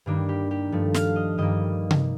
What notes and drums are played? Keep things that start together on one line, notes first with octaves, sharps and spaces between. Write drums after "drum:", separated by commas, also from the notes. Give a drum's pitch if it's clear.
G2 D#3 G3 A#3 D4
G4
G4
G2 F3 A3
F5, drum: snare
D#5
G2 D#3 G3 A#3 D#5
drum: tom C3